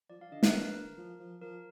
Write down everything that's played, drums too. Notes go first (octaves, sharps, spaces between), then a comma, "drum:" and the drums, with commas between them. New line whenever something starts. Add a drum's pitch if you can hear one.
F3 D5
F3 F5
D3 D#5
D3 B4, drum: snare
A#4
F3
F3
F3 A#4